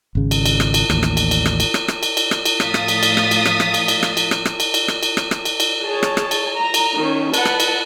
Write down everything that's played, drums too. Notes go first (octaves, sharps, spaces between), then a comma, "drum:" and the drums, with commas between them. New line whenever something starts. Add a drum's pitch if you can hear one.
G#1 C#3
drum: cymbal
drum: cymbal
drum: rim click
drum: cymbal
A1 D#2, drum: rim click
drum: rim click
drum: cymbal
drum: cymbal
drum: rim click
drum: cymbal
drum: rim click
drum: rim click
drum: cymbal
drum: cymbal
drum: rim click
drum: cymbal
A2 F3 F5 D#6 A6 B6, drum: rim click
drum: rim click
drum: cymbal
drum: cymbal
drum: rim click
drum: cymbal
drum: rim click
drum: rim click
drum: cymbal
drum: cymbal
drum: rim click
drum: cymbal
drum: rim click
drum: rim click
drum: cymbal
drum: cymbal
drum: rim click
drum: cymbal
drum: rim click
drum: rim click
drum: cymbal
drum: cymbal
G#4 C#5 A5
drum: rim click
drum: rim click
drum: cymbal
A#5
drum: cymbal
D#3 C#4
B4 F#5 A5, drum: cymbal
drum: rim click
drum: cymbal